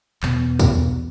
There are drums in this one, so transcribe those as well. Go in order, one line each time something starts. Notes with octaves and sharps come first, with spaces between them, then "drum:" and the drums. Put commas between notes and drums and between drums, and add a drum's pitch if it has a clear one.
E2 B2 B3, drum: clap
drum: kick, tambourine